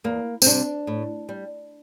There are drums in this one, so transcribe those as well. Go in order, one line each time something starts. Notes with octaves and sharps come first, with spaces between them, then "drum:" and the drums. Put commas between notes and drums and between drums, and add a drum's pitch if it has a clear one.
E2 A#3
C4, drum: tambourine
C3 G3 D4
A2
G3